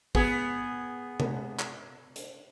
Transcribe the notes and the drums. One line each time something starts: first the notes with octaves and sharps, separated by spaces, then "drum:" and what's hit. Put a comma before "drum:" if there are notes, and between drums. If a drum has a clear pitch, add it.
B3 G#4, drum: kick
drum: tom C3
drum: clap
drum: hi-hat